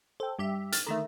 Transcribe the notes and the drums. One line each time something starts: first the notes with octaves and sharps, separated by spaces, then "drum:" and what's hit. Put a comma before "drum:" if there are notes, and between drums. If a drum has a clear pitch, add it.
A4 C5 G5
G2 G3 G4 E5
F6 A6, drum: hi-hat
D3 D#3 A3 E5 A#5